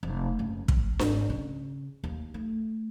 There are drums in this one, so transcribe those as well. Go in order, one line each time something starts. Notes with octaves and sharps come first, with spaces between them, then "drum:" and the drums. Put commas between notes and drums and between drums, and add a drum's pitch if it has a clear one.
F1
F#1
F3, drum: kick
G#1, drum: snare D4
C#3
D#2
A3